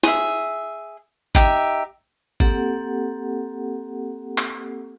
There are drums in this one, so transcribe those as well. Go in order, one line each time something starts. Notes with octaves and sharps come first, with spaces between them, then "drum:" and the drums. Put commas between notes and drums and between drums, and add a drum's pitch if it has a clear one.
G#4 E5, drum: snare
D#4 G4 E5, drum: kick G#1
A#3 C4 G4 A4 F#5, drum: kick G#1
drum: clap